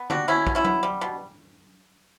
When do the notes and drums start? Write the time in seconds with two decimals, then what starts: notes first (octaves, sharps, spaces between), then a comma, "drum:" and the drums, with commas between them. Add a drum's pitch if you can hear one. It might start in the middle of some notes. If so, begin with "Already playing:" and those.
Already playing: B3
0.10 G3 D4 F#4, drum: tom D3
0.28 B2 C#4 E4
0.47 B2, drum: kick A#1
0.55 C#4 E4
0.65 B3, drum: tom F#3
0.83 G3
1.01 B2